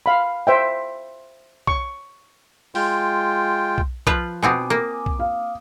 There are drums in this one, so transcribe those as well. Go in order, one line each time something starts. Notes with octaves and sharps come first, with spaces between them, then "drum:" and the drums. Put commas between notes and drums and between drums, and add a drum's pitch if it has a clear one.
F5 B5
C5 E5 G5
C#6, drum: kick B1
G#3 F4 G5, drum: open hi-hat
drum: kick B1
F3 F4 B4, drum: kick B1
B2 B3 C4 G#5 D6 D#6
A#3
drum: kick B1
F5